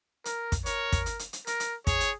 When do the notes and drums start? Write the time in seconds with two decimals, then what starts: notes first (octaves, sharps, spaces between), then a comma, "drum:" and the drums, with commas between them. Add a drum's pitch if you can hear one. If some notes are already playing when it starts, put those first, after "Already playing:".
0.25 A#4, drum: hi-hat
0.52 drum: kick, hi-hat
0.66 A#4 C#5, drum: hi-hat
0.92 drum: kick, hi-hat
1.06 drum: hi-hat
1.19 drum: hi-hat
1.33 drum: hi-hat
1.47 A#4, drum: hi-hat
1.60 drum: hi-hat
1.87 G#4 C#5, drum: kick, hi-hat
2.00 drum: hi-hat